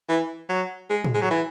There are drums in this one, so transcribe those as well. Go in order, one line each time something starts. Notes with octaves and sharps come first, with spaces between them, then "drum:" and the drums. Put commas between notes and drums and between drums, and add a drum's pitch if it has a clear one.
E3
F#3
G#3
drum: tom A2
G#3
F#3
E3